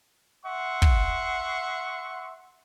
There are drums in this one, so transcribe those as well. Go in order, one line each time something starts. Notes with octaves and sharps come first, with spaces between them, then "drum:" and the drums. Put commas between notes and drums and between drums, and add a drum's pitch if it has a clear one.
E5 F#5 C6 C#6
drum: kick